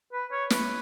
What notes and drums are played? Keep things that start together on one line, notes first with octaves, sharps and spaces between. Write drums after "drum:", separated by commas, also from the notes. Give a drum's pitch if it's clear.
B4
C#5
B4, drum: snare